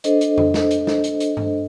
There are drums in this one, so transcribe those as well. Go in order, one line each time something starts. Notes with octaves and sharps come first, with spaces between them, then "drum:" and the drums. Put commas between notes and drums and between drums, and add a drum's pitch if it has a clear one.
D4 A4 C5 D#5, drum: hi-hat
drum: hi-hat
drum: tom F2
drum: snare
drum: hi-hat
drum: snare
drum: hi-hat
drum: hi-hat
drum: tom G2